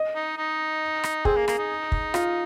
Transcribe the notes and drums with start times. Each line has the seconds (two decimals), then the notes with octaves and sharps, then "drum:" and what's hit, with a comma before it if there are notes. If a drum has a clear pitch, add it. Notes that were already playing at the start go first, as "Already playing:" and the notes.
Already playing: D#5
0.15 D#4
0.37 D#4
1.04 drum: rim click
1.25 C4 G#4, drum: kick
1.36 A#3
1.48 A#3, drum: rim click
1.58 D#4
1.92 drum: kick
2.14 F4, drum: rim click